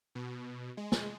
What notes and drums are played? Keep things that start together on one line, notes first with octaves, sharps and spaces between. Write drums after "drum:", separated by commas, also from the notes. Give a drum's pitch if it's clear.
B2
G#3
drum: snare